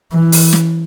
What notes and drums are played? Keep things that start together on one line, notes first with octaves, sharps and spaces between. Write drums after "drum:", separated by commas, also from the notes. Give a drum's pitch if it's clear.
E3
drum: open hi-hat
drum: snare